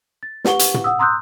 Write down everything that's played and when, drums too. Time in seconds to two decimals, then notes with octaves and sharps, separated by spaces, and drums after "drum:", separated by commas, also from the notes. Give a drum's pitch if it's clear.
0.23 A6
0.45 G4 B4 F#5 C#6 G7, drum: snare
0.59 drum: hi-hat
0.74 drum: tom
0.84 F#5 D#6 E6
0.99 A#5 C6 D#6 E6 F#6 G6